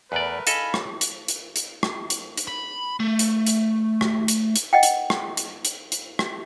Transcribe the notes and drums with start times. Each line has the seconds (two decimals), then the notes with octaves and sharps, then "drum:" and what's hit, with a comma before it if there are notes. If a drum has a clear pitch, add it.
0.12 E2 A3 A#4 B4 D5
0.47 A4 D#5 F5 G#5 B5, drum: hi-hat
0.74 drum: rim click
1.01 drum: hi-hat
1.28 drum: hi-hat
1.56 drum: hi-hat
1.83 drum: rim click
2.10 drum: hi-hat
2.37 drum: hi-hat
2.48 B5
3.00 A3
3.19 drum: hi-hat
3.47 drum: hi-hat
4.01 drum: rim click
4.28 drum: hi-hat
4.56 drum: hi-hat
4.73 D#5 F#5 G5
4.83 drum: hi-hat
5.10 drum: rim click
5.37 drum: hi-hat
5.65 drum: hi-hat
5.92 drum: hi-hat
6.19 drum: rim click